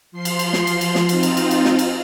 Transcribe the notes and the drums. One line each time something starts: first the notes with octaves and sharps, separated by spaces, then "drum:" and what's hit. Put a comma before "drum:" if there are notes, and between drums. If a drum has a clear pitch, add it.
F3 C6 C7
drum: cymbal
drum: cymbal
drum: snare
drum: cymbal
drum: cymbal
drum: snare
C4 D#4 F4, drum: cymbal
drum: cymbal
drum: cymbal
drum: cymbal
drum: snare
drum: cymbal